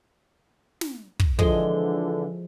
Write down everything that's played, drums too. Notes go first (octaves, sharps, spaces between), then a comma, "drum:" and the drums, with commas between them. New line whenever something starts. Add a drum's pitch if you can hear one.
drum: snare
drum: kick
D3 E3 F3 G#3 G#4 A4 G7, drum: kick